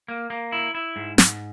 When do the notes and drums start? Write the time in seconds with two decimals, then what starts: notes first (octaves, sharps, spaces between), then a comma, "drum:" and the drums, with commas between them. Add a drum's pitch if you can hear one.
0.08 A#3
0.30 A#3
0.52 E4
0.75 E4
0.96 G#2
1.18 G#2, drum: snare